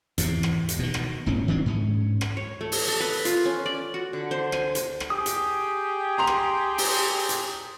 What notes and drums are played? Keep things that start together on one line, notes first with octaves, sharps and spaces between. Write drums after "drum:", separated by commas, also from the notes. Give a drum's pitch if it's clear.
E2 G#2 C3, drum: hi-hat
drum: rim click
drum: hi-hat
B2 D#3
drum: rim click
D#1 G#2 C4 C#4
D#3 F#3 C4 D4
G#2 C#4
drum: rim click
C#5
A3
drum: open hi-hat
A5
B4
F4, drum: hi-hat
C#4
D5
F#4
D3
C5
G#5, drum: rim click
drum: hi-hat
drum: rim click
G4 G#4 G5 D#6
drum: hi-hat
A#5 C6 F7
drum: rim click
drum: open hi-hat
drum: hi-hat